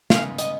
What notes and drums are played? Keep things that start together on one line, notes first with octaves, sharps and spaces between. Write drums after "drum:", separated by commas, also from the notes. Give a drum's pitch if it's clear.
C#3 G#3 B3 F5, drum: snare
D#5, drum: hi-hat